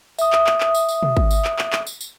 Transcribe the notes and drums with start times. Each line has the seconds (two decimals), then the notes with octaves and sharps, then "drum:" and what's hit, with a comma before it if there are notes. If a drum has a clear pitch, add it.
0.19 E5 D#6, drum: tambourine
0.33 drum: clap
0.47 drum: clap
0.61 drum: clap
0.75 drum: tambourine
0.89 drum: tambourine
1.03 drum: tom
1.17 drum: kick
1.31 drum: tambourine
1.45 drum: clap
1.59 drum: clap
1.73 drum: clap
1.87 drum: tambourine
2.01 drum: tambourine